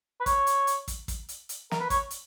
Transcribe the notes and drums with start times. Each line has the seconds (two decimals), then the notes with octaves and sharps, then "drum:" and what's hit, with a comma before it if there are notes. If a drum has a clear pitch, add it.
0.20 B4
0.26 C#5, drum: kick, hi-hat
0.47 drum: hi-hat
0.67 drum: hi-hat
0.88 drum: kick, hi-hat
1.08 drum: kick, hi-hat
1.29 drum: hi-hat
1.49 drum: hi-hat
1.71 A#4, drum: snare
1.80 B4
1.90 C#5, drum: kick, hi-hat
2.11 drum: hi-hat